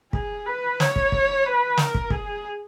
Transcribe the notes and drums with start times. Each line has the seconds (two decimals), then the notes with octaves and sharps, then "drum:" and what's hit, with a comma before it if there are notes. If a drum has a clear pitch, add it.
0.13 G#4, drum: kick
0.46 B4
0.80 C#5, drum: snare
0.96 drum: kick
1.12 drum: kick
1.46 B4
1.77 A#4, drum: snare
1.95 drum: kick
2.10 G#4, drum: kick